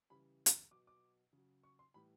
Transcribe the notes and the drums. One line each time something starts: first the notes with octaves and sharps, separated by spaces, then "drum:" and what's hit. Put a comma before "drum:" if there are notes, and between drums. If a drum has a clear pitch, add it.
C#3 E3 G3 B5
drum: hi-hat
B2 F#3 D6
D6
C#3 F#3
C#6
C6
A2 E3 G3 B5